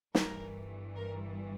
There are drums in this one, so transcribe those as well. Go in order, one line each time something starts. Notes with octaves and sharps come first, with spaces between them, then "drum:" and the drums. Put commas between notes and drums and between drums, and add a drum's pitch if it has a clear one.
G1 G2 E3 G3 A#4, drum: snare
A#4